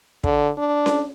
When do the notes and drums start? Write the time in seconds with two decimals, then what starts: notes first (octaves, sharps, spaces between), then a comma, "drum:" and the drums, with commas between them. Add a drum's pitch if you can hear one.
0.24 D3, drum: kick
0.58 D4
0.86 drum: snare C#4